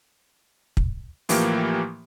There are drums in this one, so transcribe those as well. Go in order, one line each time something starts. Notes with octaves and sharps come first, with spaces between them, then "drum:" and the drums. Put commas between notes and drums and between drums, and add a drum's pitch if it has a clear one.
drum: kick
A2 E3 F3 A#3 G4, drum: open hi-hat